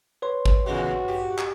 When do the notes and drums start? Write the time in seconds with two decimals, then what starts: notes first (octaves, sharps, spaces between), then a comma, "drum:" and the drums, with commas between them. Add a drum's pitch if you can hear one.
0.22 B4 C#5 C6
0.46 drum: kick G#1
0.66 D#2 C#3 G#3 F#4
1.08 G4
1.38 drum: clap